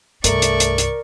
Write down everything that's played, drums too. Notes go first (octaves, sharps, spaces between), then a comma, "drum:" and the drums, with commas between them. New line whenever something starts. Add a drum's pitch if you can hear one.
C2 G2 A3 A#4 D5 C#6, drum: hi-hat
drum: hi-hat
drum: hi-hat
drum: hi-hat